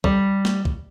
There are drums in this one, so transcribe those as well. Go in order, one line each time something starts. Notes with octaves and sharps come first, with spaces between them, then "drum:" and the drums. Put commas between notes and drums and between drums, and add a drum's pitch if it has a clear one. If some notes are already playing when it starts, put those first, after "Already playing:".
G3, drum: kick
drum: snare
drum: kick